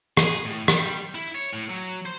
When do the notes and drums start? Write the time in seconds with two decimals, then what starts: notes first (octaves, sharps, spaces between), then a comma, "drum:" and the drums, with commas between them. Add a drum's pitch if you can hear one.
0.17 G#4, drum: rim click
0.46 A2
0.68 G3, drum: rim click
1.15 E4
1.35 C#5
1.53 A2
1.70 F#3
2.06 C5